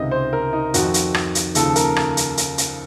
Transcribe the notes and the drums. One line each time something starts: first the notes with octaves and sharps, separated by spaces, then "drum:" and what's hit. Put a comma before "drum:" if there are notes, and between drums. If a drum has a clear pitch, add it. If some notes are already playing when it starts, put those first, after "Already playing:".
Already playing: C#2 C3 D#3 D#5
C5
A#4
D#4
F2 D#3 F#4, drum: hi-hat
drum: hi-hat
drum: rim click
drum: hi-hat
D#2 C#3 F3 A4, drum: hi-hat
A#4, drum: hi-hat
drum: rim click
drum: hi-hat
drum: hi-hat
drum: hi-hat